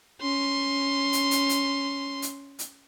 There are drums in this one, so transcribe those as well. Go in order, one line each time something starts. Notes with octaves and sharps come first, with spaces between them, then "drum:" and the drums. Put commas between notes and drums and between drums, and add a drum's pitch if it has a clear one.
C#4 C6
drum: hi-hat
drum: hi-hat
drum: hi-hat
drum: hi-hat
drum: hi-hat